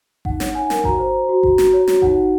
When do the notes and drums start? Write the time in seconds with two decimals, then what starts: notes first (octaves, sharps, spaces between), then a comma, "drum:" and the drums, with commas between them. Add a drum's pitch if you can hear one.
0.25 D#4 F#5, drum: kick G#1
0.40 C#5, drum: snare
0.55 D#4 G#5
0.70 A#4, drum: snare
0.84 F#4 A#5, drum: kick G#1
0.99 C5
1.14 C5
1.29 F#4
1.43 F#4, drum: kick G#1
1.58 F#4, drum: snare
1.73 C#5
1.87 F#4, drum: snare
2.02 D#4 F#5, drum: kick G#1
2.17 D#4